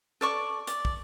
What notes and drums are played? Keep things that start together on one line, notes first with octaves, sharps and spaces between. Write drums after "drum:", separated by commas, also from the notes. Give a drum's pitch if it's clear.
A4 D5 C#6
D5, drum: hi-hat
drum: kick